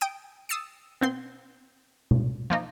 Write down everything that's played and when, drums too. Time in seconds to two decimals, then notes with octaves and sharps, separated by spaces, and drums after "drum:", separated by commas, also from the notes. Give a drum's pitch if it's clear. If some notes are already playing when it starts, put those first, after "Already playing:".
0.01 G5 D#6 D7
0.49 D#6 E6 A6 C7 C#7
1.01 B2 C4 C6
2.11 drum: tom B2
2.50 F3 A#3 D#4